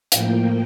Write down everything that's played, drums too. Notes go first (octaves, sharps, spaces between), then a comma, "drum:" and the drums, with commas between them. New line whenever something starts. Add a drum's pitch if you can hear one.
A2 F3 A#3 G5, drum: hi-hat